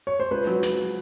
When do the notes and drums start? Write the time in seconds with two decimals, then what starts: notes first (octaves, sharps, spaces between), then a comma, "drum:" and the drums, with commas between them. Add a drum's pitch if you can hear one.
0.07 C#5
0.20 C5
0.31 C#2 B4
0.47 F#3
0.63 F#3, drum: hi-hat